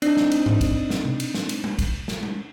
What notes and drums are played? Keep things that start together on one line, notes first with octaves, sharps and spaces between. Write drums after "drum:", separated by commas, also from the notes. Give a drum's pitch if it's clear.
C4 D4 D#4 D5, drum: cymbal
drum: snare
drum: cymbal
drum: tom G#2
drum: kick, cymbal
drum: snare
drum: tom C3
drum: cymbal
drum: snare
drum: cymbal
drum: tom G3
drum: kick, cymbal
drum: snare
drum: tom G3